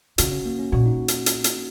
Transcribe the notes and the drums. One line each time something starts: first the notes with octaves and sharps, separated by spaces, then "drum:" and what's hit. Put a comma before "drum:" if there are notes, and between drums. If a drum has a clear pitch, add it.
C#3 F#4, drum: hi-hat
C#4
A#3
C#4
A#2 F#4
D#4
drum: hi-hat
drum: hi-hat
drum: hi-hat